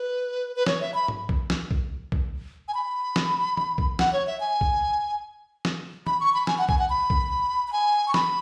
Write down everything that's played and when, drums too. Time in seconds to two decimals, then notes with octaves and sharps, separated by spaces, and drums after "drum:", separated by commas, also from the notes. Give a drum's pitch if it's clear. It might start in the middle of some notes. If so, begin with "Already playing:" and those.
Already playing: B4
0.56 B4
0.66 C#5, drum: snare
0.81 E5
0.94 B5
1.08 drum: tom G#2
1.29 drum: kick B1
1.50 drum: snare
1.71 drum: kick B1
2.12 drum: kick B1
2.68 G#5
2.75 B5
3.16 drum: snare
3.57 drum: tom D#3
3.78 drum: kick B1
3.99 F#5, drum: snare
4.13 C#5
4.27 E5
4.40 G#5
4.61 drum: kick B1
5.65 drum: snare
6.07 B5, drum: tom D#3
6.21 C#6
6.34 B5
6.47 G#5, drum: snare
6.58 F#5
6.69 G#5, drum: kick B1
6.79 F#5
6.90 B5
7.10 drum: kick B1
7.68 B5
7.72 G#5
8.08 C#6
8.14 B5, drum: snare